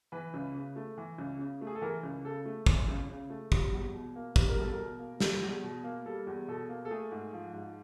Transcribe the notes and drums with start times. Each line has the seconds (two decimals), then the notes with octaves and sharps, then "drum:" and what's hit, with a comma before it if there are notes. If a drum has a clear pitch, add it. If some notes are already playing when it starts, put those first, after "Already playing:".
0.12 E3 B4
0.34 C#2
0.55 C#3
0.76 A3
0.98 E3
1.18 C#2
1.39 C#3
1.61 A3
1.67 G#4
1.75 A4
1.82 E3 A#4
2.03 C#2
2.25 C#3 A4
2.45 A3
2.66 E3, drum: kick
2.88 C#2
3.09 C#3
3.30 A3
3.52 G3, drum: kick
3.73 E2
3.94 B2
4.16 A#3
4.36 G3 B4, drum: kick
4.48 A#4
4.58 E2 A4
4.72 A#4
4.78 B2
4.99 A#3
5.20 G3, drum: snare
5.42 E2
5.63 B2
5.84 A#3
6.06 G3 A4
6.27 E2
6.48 B2 A4
6.69 A#3
6.85 A4
6.91 A3 G#4
7.12 G#2
7.33 F3
7.53 G#2